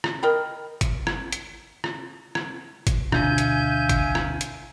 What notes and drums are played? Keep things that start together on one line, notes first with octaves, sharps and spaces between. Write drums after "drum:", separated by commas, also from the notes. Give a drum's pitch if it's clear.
drum: rim click
A#4 D#5 G5 B5
drum: kick G1, hi-hat
drum: rim click
drum: hi-hat
drum: rim click
drum: rim click
drum: kick G1, hi-hat
D2 B2 D4 E5 F5 G#5 G6, drum: rim click
drum: hi-hat
drum: kick G1, hi-hat
drum: rim click
drum: hi-hat